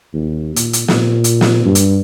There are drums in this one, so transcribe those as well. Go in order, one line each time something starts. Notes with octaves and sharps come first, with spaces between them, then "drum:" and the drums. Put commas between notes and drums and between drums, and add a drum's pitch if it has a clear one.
D#2
A#2, drum: hi-hat
drum: hi-hat
A#2, drum: snare
drum: hi-hat
drum: snare
G2
drum: hi-hat